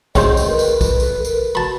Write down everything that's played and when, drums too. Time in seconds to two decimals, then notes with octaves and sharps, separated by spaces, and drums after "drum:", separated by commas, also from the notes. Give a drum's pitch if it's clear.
0.15 D2 C#3 C5 D#5, drum: kick B1, tambourine
0.37 drum: tambourine
0.47 A#4 B4
0.59 drum: tambourine
0.81 drum: kick B1, tambourine
1.00 A4, drum: tambourine
1.25 A#4, drum: tambourine
1.55 F#4 A5 B5